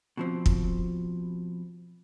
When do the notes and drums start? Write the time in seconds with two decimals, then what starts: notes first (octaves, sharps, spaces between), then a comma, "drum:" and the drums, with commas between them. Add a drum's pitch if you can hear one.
0.17 B2 F3 C4
0.46 drum: kick